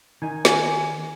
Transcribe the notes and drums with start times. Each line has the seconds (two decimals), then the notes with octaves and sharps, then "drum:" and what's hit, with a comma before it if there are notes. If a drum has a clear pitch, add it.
0.22 D#3 D#4 G#5
0.45 drum: snare